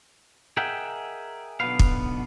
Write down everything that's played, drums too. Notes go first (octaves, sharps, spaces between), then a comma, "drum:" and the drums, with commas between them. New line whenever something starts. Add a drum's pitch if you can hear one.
G#4 A#4 D#5 E5 F#5 G5
B1 B2 D3 B3 B4 F5
drum: kick